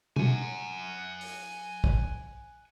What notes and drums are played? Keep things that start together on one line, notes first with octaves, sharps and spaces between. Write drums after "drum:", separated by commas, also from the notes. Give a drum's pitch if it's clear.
F#5 G#5, drum: tom B2
drum: open hi-hat
drum: kick